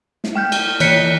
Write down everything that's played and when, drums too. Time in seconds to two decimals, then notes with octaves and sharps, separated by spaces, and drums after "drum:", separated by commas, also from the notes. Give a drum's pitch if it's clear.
0.24 drum: snare
0.35 G5 F6 G6
0.52 drum: cymbal
0.80 E3 F#6 B6 C#7, drum: cymbal